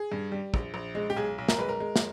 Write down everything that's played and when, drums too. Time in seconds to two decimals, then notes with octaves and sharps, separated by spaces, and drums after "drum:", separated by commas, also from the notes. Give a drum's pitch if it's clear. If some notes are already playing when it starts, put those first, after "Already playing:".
Already playing: G#4
0.12 G2
0.32 G3
0.54 A#1, drum: kick
0.74 A#1
0.95 G#3
1.10 G4
1.16 B1 G#4
1.38 B1
1.48 A#4, drum: snare
1.58 G#3 B4
1.69 A#4
1.80 G#3
1.96 drum: snare